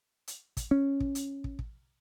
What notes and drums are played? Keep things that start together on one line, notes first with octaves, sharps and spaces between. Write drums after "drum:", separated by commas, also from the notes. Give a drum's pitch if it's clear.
drum: hi-hat
drum: kick, hi-hat
C#4
drum: kick
drum: hi-hat
drum: kick
drum: kick